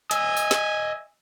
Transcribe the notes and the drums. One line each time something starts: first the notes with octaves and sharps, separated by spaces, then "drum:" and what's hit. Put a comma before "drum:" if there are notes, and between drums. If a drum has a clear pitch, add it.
D#5 E5 G#5, drum: hi-hat
drum: tambourine
drum: snare